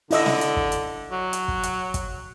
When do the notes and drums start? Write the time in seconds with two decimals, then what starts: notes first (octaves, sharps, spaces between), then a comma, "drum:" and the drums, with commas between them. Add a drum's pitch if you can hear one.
0.11 D3 E4 D#5 E6, drum: open hi-hat
0.26 drum: snare
0.41 drum: hi-hat
0.56 drum: kick
0.72 drum: hi-hat
1.11 F#3
1.33 drum: hi-hat
1.48 drum: kick
1.63 drum: hi-hat
1.94 drum: kick, hi-hat